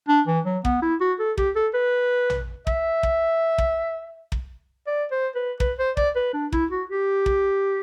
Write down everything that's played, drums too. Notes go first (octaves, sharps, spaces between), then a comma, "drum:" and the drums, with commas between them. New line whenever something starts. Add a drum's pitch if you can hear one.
D4
E3
F#3
B3, drum: kick
E4
F#4
A4
G4, drum: kick
A4
B4
drum: tom A#1
E5, drum: kick
drum: kick
drum: kick
drum: kick
D5
C5
B4
B4, drum: kick
C5
D5, drum: kick
B4
D4
E4, drum: kick
F#4
G4
drum: kick